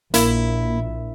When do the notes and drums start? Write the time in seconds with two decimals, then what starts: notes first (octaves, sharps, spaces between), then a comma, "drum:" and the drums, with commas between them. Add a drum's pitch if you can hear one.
0.14 A#1 A#3 E4, drum: hi-hat